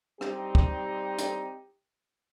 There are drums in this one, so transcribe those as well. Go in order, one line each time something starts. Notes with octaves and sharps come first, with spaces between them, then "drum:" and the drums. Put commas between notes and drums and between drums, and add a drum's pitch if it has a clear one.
G3 C4 D#4 G4, drum: rim click
drum: kick
drum: hi-hat